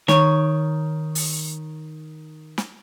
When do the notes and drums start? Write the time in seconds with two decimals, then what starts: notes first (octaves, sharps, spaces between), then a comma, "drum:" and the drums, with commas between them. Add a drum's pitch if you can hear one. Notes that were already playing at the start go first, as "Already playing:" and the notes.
0.08 D#3 C#5, drum: snare
1.15 drum: open hi-hat
2.58 drum: snare